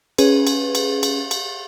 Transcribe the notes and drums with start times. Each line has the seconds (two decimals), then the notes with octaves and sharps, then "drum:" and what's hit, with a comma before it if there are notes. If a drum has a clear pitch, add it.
0.18 C#4 G#4 B4, drum: cymbal
0.47 drum: cymbal
0.75 drum: cymbal
1.03 drum: cymbal
1.31 drum: cymbal